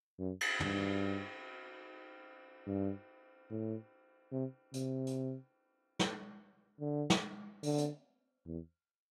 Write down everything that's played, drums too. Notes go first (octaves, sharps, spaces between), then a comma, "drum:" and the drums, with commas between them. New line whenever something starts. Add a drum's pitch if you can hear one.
F#2
drum: cymbal
G2, drum: tom
G2
A2
C3
C3, drum: hi-hat
drum: hi-hat
drum: snare
D3
drum: snare
D3, drum: open hi-hat
drum: hi-hat
E2